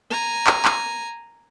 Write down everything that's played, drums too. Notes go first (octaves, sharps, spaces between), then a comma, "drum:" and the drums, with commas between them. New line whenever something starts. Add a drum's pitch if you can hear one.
G#5 A#5
drum: clap
drum: clap